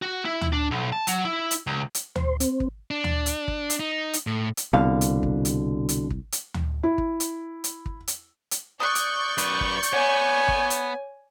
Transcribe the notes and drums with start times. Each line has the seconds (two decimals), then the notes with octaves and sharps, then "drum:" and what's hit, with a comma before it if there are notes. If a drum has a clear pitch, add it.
0.02 F#4
0.25 E4
0.41 drum: tom D2
0.53 D4
0.71 B1
0.92 A5
1.07 F#3, drum: hi-hat
1.25 E4
1.51 drum: hi-hat
1.67 C#2
1.95 drum: hi-hat
2.16 C5, drum: tom D2
2.40 C4, drum: hi-hat
2.60 drum: kick
2.91 D4
3.04 drum: tom D2
3.26 drum: hi-hat
3.48 drum: kick
3.70 drum: hi-hat
3.80 D#4
4.13 drum: hi-hat
4.27 A2
4.57 drum: hi-hat
4.73 C2 B2 D3 F5
5.01 drum: hi-hat
5.23 drum: kick
5.45 drum: hi-hat
5.89 drum: hi-hat
6.10 drum: kick
6.32 drum: hi-hat
6.54 drum: tom D2
6.83 E4
6.98 drum: kick
7.20 drum: hi-hat
7.64 drum: hi-hat
7.86 drum: kick
8.08 drum: hi-hat
8.51 drum: hi-hat
8.80 D5 C#6 D#6 F#6 G6
8.95 drum: hi-hat
9.38 F#2 B4, drum: hi-hat
9.61 drum: kick
9.83 drum: hi-hat
9.93 B3 C#5 G#5
10.48 drum: kick
10.70 drum: hi-hat